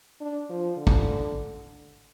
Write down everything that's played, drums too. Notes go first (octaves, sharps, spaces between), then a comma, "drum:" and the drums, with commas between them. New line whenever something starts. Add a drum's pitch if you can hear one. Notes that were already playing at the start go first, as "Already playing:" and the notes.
D4
F3
D3
drum: kick